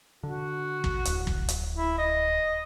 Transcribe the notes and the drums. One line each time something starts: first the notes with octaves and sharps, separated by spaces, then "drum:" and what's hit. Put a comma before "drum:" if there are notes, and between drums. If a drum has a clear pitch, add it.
D3 F#4
drum: kick
D1, drum: hi-hat
drum: kick
drum: hi-hat
E4
D#5